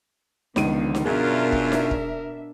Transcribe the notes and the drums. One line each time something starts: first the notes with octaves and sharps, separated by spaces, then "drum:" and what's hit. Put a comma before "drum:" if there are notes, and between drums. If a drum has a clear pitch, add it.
C#2 D3 D#3 F3 B3 D#7, drum: snare D#4
drum: snare D#4
F#2 B2 D4 F4 G#4 A#4 E5
drum: kick
drum: snare D#4
drum: kick